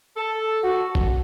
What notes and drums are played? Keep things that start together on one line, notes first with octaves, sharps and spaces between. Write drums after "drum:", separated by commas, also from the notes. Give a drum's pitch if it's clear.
A4
F#4
drum: kick